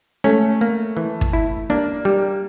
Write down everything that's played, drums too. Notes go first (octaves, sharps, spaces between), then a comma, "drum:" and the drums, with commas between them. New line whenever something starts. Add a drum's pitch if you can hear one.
A3 C#4
A#3
E3
drum: kick
E4
A#3 D4
G3